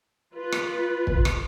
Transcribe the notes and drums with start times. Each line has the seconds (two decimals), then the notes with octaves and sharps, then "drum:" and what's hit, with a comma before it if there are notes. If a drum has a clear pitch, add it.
0.34 F4 B4
0.52 drum: rim click
1.07 drum: kick
1.25 drum: rim click